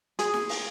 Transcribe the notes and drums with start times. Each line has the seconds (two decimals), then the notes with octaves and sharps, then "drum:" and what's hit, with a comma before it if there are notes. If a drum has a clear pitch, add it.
0.19 G#4, drum: hi-hat
0.34 drum: snare
0.49 drum: open hi-hat